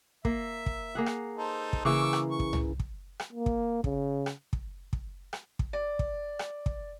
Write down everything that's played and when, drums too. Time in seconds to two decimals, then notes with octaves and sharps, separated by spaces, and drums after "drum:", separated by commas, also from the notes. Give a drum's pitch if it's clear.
0.25 A#3 E5, drum: kick
0.66 drum: kick
0.95 A#3 G#4 F#5
1.06 drum: rim click
1.37 D#4 A4 C5
1.73 drum: kick
1.85 C#3 E3 A#3 C#6 D6 E6
2.13 drum: rim click
2.30 C#6
2.40 drum: kick
2.53 drum: tom C2
2.80 drum: kick
3.20 drum: rim click
3.33 A#3
3.46 drum: kick
3.84 C#3, drum: kick
4.26 drum: rim click
4.53 drum: kick
4.93 drum: kick
5.33 drum: rim click
5.59 drum: kick
5.73 D5
5.99 drum: kick
6.39 drum: rim click
6.66 drum: kick